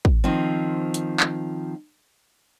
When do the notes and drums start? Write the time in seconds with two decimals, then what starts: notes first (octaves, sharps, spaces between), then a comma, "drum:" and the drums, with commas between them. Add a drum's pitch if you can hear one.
0.05 drum: kick
0.24 D#3 F3 C4
0.94 drum: hi-hat
1.20 drum: clap